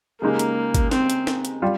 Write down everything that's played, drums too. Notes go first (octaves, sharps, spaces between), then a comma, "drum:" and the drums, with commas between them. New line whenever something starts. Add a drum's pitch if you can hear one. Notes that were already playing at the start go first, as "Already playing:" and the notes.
C#3 G#3 A#3 D#4 G4
drum: hi-hat
drum: kick G1, hi-hat
C4, drum: snare
drum: hi-hat
drum: snare
drum: hi-hat
G3 F4